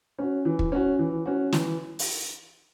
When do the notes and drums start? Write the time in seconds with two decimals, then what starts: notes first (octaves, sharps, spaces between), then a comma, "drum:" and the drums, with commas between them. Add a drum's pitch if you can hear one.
0.18 C#4 F#4
0.45 E3
0.59 drum: kick
0.72 C#4 F#4
0.99 E3
1.26 C#4 F#4
1.52 E3, drum: snare
1.99 drum: open hi-hat